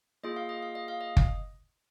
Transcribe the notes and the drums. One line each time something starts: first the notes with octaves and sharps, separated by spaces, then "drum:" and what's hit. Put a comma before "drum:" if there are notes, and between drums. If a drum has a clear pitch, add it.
A#3 F4 G#4 D#5
F5
D#5
F5
D#5
F5
D#5
drum: kick